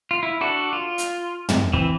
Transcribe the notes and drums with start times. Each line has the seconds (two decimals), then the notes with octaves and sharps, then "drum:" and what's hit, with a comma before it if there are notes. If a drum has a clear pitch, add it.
0.11 F4
0.23 E4
0.41 D4 F#4 A4
0.73 F4
0.98 drum: hi-hat
1.49 drum: tom
1.73 E3 C4, drum: kick